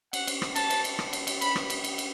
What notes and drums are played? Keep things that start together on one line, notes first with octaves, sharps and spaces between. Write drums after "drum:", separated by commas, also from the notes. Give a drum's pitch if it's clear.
F#5, drum: cymbal
drum: cymbal
drum: rim click
A5, drum: cymbal
drum: cymbal
drum: cymbal
drum: rim click
drum: cymbal
drum: cymbal
B5, drum: cymbal
drum: rim click
drum: cymbal
drum: cymbal
drum: cymbal